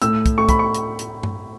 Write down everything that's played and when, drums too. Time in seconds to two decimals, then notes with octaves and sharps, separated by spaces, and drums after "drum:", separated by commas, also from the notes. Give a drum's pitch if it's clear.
0.02 A2 E6, drum: hi-hat
0.26 drum: kick, hi-hat
0.38 A3 C#6
0.49 B5, drum: kick, hi-hat
0.59 C#6
0.75 drum: hi-hat
0.99 drum: hi-hat
1.23 drum: tom G2